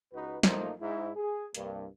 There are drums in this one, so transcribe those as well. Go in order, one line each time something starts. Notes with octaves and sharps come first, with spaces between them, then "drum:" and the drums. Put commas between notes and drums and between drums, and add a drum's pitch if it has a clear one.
C#2 D#4 F#4 B4
A1 F3 A3 A#3 D#4 C5, drum: snare
G#2 E4
G#4
C2 G2 A#3, drum: hi-hat